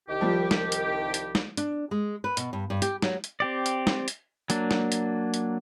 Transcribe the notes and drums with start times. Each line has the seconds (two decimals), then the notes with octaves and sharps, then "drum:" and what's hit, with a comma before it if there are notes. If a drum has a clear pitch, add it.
0.09 C2 D#3 G4
0.21 F3 G3
0.51 drum: snare
0.72 drum: hi-hat
1.14 drum: hi-hat
1.35 drum: snare
1.57 D4, drum: hi-hat
1.91 G#3
2.24 B4
2.37 B2, drum: hi-hat
2.53 G2
2.70 G2
2.82 G4, drum: hi-hat
3.02 F#3, drum: snare
3.24 drum: hi-hat
3.40 C4 G4 D5
3.66 drum: hi-hat
3.87 drum: snare
4.08 drum: hi-hat
4.50 F#3 A#3 D4, drum: hi-hat
4.71 drum: snare
4.92 drum: hi-hat
5.34 drum: hi-hat